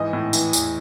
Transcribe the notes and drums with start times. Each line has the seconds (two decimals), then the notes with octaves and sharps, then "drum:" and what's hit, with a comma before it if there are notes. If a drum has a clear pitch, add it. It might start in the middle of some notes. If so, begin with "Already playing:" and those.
Already playing: G#2 E3 D#5
0.13 A2
0.33 E3, drum: tambourine
0.53 E2, drum: tambourine